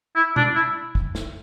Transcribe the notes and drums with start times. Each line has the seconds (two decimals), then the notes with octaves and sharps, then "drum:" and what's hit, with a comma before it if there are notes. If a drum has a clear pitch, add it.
0.16 E4
0.36 D4, drum: tom B2
0.55 E4
0.95 drum: kick
1.15 drum: snare